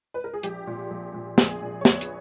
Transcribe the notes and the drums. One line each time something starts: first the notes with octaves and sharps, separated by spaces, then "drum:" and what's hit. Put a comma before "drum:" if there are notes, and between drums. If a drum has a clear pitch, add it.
B4
A#4
G#4
A#1 G4, drum: hi-hat
A#2
A#1
A#2
A#1 G#4, drum: snare
A#2
C#5
A#1 B4, drum: snare
drum: hi-hat